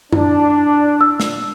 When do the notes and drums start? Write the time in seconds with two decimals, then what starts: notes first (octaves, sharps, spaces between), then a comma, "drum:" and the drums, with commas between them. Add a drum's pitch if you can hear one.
0.12 D4 E4, drum: tom F#2
1.01 E6
1.20 drum: snare